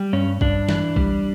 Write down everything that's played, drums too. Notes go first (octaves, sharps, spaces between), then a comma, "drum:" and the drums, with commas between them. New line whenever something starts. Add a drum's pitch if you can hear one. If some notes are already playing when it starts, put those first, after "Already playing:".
Already playing: G3
G2 C#4
G2 D4, drum: kick A1
E3, drum: snare
G3, drum: kick A1